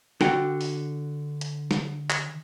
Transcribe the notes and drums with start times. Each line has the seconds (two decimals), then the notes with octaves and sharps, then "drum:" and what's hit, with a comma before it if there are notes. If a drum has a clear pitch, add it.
0.21 D3 F#4 G5, drum: snare
0.61 drum: open hi-hat
1.41 drum: hi-hat
1.71 drum: snare
2.10 drum: clap